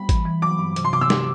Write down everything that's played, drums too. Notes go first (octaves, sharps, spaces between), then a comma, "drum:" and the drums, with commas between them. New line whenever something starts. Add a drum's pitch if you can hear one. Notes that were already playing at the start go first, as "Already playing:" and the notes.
Already playing: G3 B5
E3, drum: kick G#1, hi-hat
E3
F#3 D6
G2
C3, drum: hi-hat
C6
C3 D6
E6
G4, drum: snare